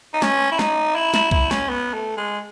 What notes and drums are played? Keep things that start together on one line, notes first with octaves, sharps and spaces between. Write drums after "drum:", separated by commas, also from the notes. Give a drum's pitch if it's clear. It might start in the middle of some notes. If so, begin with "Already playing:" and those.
D#4
C#4, drum: snare
E4
D#4, drum: snare
E4
E4, drum: snare
E4, drum: kick B1
C#4, drum: snare
B3
A3
G#3